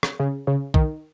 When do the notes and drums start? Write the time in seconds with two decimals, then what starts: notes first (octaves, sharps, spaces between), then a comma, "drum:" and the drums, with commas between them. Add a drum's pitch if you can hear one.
0.03 drum: rim click
0.20 C#3
0.47 C#3
0.74 D#3, drum: kick